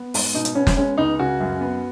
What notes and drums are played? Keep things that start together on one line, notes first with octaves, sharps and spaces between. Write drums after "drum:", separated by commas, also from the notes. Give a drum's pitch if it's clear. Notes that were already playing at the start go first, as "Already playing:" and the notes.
Already playing: B3
G#2, drum: open hi-hat
B2 D#4
drum: hi-hat
B3 C#4
drum: snare
G#3 C#4
C#2 D#4
C#3 F#4
F#2
B3